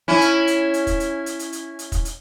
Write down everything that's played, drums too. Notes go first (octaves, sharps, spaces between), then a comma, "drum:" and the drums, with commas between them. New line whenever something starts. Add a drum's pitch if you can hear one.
C#4 E4
drum: hi-hat
drum: hi-hat
drum: hi-hat
drum: kick, hi-hat
drum: hi-hat
drum: hi-hat
drum: hi-hat
drum: hi-hat
drum: hi-hat
drum: kick, hi-hat
drum: hi-hat